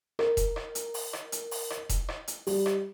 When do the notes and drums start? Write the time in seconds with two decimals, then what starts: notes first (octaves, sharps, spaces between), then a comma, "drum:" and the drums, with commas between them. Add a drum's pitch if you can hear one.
0.19 A#4, drum: rim click
0.37 drum: kick E1, hi-hat
0.56 drum: rim click
0.75 drum: hi-hat
0.94 drum: open hi-hat
1.13 drum: rim click
1.32 drum: hi-hat
1.51 drum: open hi-hat
1.70 drum: rim click
1.89 drum: kick E1, hi-hat
2.08 drum: rim click
2.28 drum: hi-hat
2.47 G3, drum: open hi-hat
2.66 drum: rim click